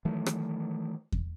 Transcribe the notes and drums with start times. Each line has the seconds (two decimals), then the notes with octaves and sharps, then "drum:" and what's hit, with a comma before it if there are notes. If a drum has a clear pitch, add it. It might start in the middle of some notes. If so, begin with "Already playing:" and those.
0.05 D#3 E3 F#3 A3
0.26 drum: rim click
1.12 drum: kick E2